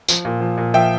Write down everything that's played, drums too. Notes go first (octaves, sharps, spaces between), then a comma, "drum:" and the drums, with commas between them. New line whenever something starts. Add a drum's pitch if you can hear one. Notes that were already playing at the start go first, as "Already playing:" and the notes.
F3, drum: tambourine
A#2
F3
A#2
F3 E5 G5